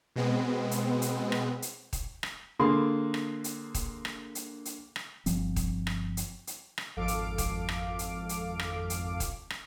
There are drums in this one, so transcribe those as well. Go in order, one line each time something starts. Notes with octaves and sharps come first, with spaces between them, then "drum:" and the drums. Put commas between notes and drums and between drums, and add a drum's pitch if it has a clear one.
B2 G#3 B3 C4
drum: hi-hat
drum: hi-hat
drum: rim click
drum: hi-hat
drum: kick D#1, hi-hat
drum: rim click
D3 A#3 G#4 C6
drum: rim click
drum: hi-hat
drum: kick D#1, hi-hat
drum: rim click
drum: hi-hat
drum: hi-hat
drum: rim click
G1 F3 C4, drum: hi-hat
drum: kick D#1, hi-hat
drum: rim click
drum: hi-hat
drum: hi-hat
drum: rim click
G#1 F2 A4 F5 D6 D7
drum: hi-hat
drum: kick D#1, hi-hat
drum: rim click
drum: hi-hat
drum: hi-hat
drum: rim click
drum: hi-hat
drum: kick D#1, hi-hat
drum: rim click